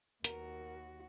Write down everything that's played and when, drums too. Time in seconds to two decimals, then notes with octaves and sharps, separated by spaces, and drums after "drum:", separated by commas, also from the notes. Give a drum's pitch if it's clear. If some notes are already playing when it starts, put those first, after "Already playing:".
0.24 D#2 F#4 A#4, drum: hi-hat